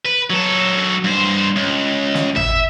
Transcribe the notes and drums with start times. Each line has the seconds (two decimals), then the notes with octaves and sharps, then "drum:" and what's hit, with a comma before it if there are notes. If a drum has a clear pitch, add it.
0.05 B4
0.30 F#3 A4
1.04 G2 C5
1.56 C#2
2.14 drum: snare
2.36 E5, drum: tom G#1